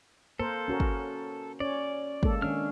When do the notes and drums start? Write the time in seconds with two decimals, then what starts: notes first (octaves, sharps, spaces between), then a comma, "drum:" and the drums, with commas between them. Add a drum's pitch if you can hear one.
0.40 A#3 A4 A#4 C5
0.68 C#4 F#4 A#4
0.80 drum: kick
1.60 C#4 C#5 D5
2.23 G#3 A#3 A4, drum: kick
2.42 D#3 C#4 D4 F6